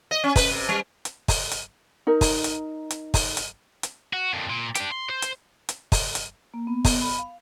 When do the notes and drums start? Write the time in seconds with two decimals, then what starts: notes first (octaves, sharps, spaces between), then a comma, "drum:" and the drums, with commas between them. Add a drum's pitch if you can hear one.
0.11 D#5
0.24 C#4
0.36 B4, drum: kick, open hi-hat
0.51 C3
0.69 G3
1.05 drum: hi-hat
1.28 drum: kick, open hi-hat
1.51 drum: hi-hat
2.07 D#4 A#4
2.21 drum: kick, open hi-hat
2.44 drum: hi-hat
2.91 drum: hi-hat
3.14 drum: kick, open hi-hat
3.37 drum: hi-hat
3.83 drum: hi-hat
4.13 F#4
4.33 F2 A#2
4.50 A#2
4.75 D4 G4, drum: hi-hat
4.91 C6
5.09 C5
5.22 drum: hi-hat
5.69 drum: hi-hat
5.92 drum: kick, open hi-hat
6.15 drum: hi-hat
6.54 A#3
6.67 B3
6.85 drum: kick, open hi-hat
7.01 B5
7.19 F5